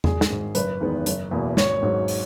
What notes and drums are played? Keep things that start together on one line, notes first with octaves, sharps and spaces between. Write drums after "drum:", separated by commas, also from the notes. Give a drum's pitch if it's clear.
G#1 G#4, drum: tom E2
drum: snare
G#2 D#3
F#1 B4, drum: hi-hat
E2 D#3 G#3 B3
F#1, drum: hi-hat
E2 B2 A#3
G#1 C#5, drum: snare
G#2 F#3
drum: open hi-hat